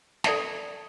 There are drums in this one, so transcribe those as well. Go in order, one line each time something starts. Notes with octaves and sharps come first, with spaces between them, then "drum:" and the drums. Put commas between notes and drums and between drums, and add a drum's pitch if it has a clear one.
A4 D5 E5 A5, drum: snare